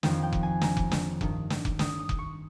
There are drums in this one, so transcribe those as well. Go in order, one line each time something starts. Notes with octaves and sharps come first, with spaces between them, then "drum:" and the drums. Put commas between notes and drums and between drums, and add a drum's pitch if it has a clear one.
F2 D#3 G5, drum: snare
G5
drum: kick F1
G#5
A#5, drum: snare
drum: kick F1
drum: snare
G2 D#3, drum: kick F1
drum: snare
drum: kick F1
D#6, drum: snare
D#6
drum: kick F1
C#6